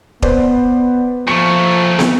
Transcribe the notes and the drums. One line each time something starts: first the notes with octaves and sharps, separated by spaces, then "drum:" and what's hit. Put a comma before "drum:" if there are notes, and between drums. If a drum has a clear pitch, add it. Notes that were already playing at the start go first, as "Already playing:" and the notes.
B3 B4 C5 D5, drum: kick D#1
A#2 F3 A3 C#6 C#7
drum: snare